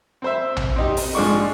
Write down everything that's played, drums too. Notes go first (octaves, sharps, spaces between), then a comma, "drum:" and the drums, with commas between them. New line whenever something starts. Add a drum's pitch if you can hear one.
C4 C5 E5
drum: tom A#1
C4 D#4 G4
drum: open hi-hat
G#2 F3 G#3 D4 D5 C#6